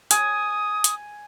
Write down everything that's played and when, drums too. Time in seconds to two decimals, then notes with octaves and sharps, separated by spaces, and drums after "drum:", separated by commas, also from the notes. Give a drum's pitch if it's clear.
0.11 G#5 D#6, drum: hi-hat
0.84 drum: hi-hat